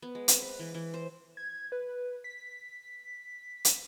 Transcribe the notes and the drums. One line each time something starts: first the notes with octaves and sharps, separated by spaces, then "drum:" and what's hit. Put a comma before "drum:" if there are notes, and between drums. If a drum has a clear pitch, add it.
B3
G#3
C4, drum: hi-hat
B4
E3
E3
C5
G#6
B4
B6
drum: hi-hat